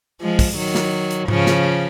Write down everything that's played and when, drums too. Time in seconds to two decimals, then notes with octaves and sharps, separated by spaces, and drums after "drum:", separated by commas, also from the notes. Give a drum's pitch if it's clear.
0.21 F3 G#3
0.39 drum: kick, open hi-hat
0.57 D#3 F#3
0.75 drum: snare
1.11 drum: hi-hat
1.28 C#3 F3, drum: tom G#2
1.47 drum: snare